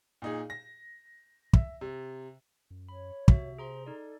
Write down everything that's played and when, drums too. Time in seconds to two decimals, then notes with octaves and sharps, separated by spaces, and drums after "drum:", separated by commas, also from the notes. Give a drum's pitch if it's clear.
0.22 A#2 D#4 G#4
0.50 A#6
1.53 E5, drum: kick
1.81 C3
2.71 F#2
2.89 C#5 B5
3.28 C3 F#4 E5, drum: kick
3.58 G#4 C5 A#5 C6
3.86 D#4 A4 D5